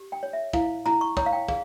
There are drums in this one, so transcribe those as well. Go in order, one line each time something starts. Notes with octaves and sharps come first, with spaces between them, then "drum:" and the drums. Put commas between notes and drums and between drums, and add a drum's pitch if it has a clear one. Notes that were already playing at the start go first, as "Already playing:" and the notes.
Already playing: G4
G5
C#5
E5
E4 F5, drum: kick
E4 A#5, drum: tom
C#6
C#5 A#5, drum: kick
F5
G5
G#4 F5, drum: kick